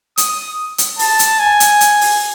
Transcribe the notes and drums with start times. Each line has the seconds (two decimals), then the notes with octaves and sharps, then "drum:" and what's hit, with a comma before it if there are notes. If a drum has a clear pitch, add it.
0.17 D#6, drum: hi-hat
0.78 drum: hi-hat
0.99 A5, drum: open hi-hat
1.19 drum: hi-hat
1.39 G#5
1.60 drum: hi-hat
1.81 drum: hi-hat
2.01 drum: open hi-hat